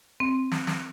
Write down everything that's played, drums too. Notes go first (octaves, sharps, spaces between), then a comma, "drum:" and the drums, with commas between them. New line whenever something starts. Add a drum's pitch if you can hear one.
C4
drum: snare
drum: snare